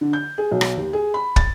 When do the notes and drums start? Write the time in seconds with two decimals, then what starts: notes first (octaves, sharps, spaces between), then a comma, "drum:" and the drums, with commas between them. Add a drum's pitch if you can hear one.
0.01 D3
0.13 G6
0.38 G#4
0.51 B1
0.61 drum: rim click
0.77 D#2
0.93 G#4
1.14 B5
1.36 A6, drum: kick